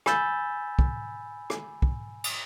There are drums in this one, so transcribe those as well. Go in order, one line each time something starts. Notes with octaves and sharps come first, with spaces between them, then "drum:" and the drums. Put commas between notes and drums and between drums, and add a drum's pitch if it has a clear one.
G#5 B5 E6 G6 A6, drum: rim click
drum: kick
drum: rim click
drum: kick
drum: cymbal